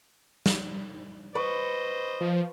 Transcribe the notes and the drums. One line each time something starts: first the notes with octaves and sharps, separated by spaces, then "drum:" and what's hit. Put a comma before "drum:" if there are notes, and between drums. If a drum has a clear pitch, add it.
drum: snare
B4 C5 D#5 C#6
F3